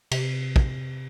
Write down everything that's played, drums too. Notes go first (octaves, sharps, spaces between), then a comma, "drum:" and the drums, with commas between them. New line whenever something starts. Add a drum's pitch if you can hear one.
C3, drum: cymbal
drum: kick